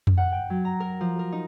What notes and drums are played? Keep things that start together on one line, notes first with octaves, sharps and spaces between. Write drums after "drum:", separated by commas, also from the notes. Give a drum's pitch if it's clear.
drum: tom F2
F#5
G5
F#3
A#5
A#4
F3
A#4
D#4